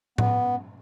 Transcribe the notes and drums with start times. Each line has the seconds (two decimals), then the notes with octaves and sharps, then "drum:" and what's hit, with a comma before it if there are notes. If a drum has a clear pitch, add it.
0.18 B3, drum: tom A2